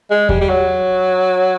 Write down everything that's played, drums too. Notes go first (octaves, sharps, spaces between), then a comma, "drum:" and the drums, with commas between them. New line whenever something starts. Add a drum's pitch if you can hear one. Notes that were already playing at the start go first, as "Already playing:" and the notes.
G#3
G3, drum: kick E2
G3
F#3